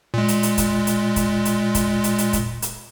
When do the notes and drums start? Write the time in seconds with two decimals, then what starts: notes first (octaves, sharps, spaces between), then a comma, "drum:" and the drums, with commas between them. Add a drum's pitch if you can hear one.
0.14 A#2 G#3
0.28 drum: hi-hat
0.43 drum: hi-hat
0.58 drum: kick, hi-hat
0.87 drum: hi-hat
1.16 drum: kick, hi-hat
1.45 drum: hi-hat
1.75 drum: kick, hi-hat
2.04 drum: hi-hat
2.18 drum: hi-hat
2.33 drum: kick, hi-hat
2.62 drum: hi-hat